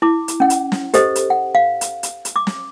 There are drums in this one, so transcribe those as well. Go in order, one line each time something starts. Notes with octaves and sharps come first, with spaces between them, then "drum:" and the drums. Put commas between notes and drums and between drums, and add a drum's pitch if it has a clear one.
E4 D6
drum: hi-hat
C#4 F#5
drum: hi-hat
drum: snare
G4 A4 C5 D#5, drum: hi-hat
drum: hi-hat
F#5
F5
drum: hi-hat
drum: hi-hat
drum: hi-hat
D6
drum: snare